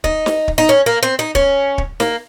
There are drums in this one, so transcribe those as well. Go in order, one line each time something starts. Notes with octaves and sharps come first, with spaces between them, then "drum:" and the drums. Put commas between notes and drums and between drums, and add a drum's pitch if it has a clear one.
D#4, drum: kick
drum: snare
drum: kick
D#4
C#4
A#3
C4
D#4
C#4, drum: kick
drum: kick
A#3, drum: snare